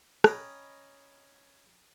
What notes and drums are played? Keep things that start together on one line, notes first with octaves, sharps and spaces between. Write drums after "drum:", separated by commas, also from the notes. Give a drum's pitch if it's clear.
C#4 D#5 G5 A#5 B5, drum: rim click